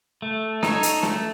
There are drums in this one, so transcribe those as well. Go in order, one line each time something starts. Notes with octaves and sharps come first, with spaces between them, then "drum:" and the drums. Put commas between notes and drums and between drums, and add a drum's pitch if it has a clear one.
A3
D#4 A4 C#5, drum: snare
drum: hi-hat
A3, drum: snare